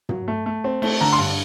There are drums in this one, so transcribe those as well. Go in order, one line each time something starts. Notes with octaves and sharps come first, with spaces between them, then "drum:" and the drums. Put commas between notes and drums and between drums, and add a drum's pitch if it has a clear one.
F#3, drum: tom
A3
A3
C4
A3, drum: cymbal
D3 A#5
C6
G2